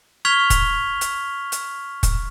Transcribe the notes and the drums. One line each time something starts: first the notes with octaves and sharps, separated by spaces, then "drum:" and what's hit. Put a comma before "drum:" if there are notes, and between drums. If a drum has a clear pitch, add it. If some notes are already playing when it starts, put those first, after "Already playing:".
C#6 F6 G#6 B6 F7 G7
drum: kick, hi-hat
drum: hi-hat
drum: hi-hat
drum: kick, hi-hat